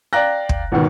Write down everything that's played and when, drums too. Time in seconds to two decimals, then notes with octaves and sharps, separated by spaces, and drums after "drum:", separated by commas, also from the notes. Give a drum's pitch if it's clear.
0.13 D5 F5 G5 A#5 F#6 A#6
0.49 drum: kick
0.72 G#1 D2 B2 D#3